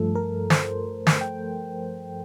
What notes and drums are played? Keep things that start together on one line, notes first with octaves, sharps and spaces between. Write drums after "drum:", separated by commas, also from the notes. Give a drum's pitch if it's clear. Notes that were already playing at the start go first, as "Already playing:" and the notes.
Already playing: G2 F3 A3 A4
A#4
C5, drum: snare
drum: snare
G5